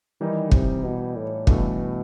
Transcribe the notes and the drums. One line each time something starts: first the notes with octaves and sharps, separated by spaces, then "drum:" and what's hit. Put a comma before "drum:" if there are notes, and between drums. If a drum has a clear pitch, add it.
D#3 E3 G3 D#4
C3, drum: kick
B2
A2
G2 B2 E3 A3, drum: kick